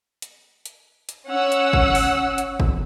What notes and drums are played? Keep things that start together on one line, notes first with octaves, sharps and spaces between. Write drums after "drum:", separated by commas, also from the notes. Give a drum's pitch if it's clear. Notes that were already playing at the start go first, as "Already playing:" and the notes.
drum: hi-hat
drum: hi-hat
drum: hi-hat
C#4 F#5 E6
drum: hi-hat
drum: kick
drum: open hi-hat
drum: hi-hat
drum: kick